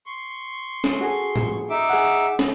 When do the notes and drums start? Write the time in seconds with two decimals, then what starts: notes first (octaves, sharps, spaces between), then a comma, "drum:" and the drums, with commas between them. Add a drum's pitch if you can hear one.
0.06 C6 C#6
0.84 drum: snare
1.01 F#4 G#4 A4
1.36 drum: tom A2
1.70 D#4 E5 D6
1.90 G#4 F#5
2.39 drum: snare